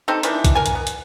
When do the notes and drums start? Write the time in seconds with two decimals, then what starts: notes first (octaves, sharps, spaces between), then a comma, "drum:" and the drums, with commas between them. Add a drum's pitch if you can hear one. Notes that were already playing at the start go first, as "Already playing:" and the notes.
0.08 C4 D#4 G4 A4
0.23 D#3 E3 D4, drum: hi-hat
0.44 drum: kick B1, hi-hat
0.55 A#4 G#5
0.66 drum: hi-hat
0.75 B3
0.87 drum: hi-hat